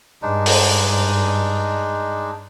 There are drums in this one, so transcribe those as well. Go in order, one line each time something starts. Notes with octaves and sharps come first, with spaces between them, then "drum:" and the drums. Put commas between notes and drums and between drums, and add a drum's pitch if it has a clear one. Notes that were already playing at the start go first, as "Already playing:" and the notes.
G2 G#3 D4 D#4
drum: open hi-hat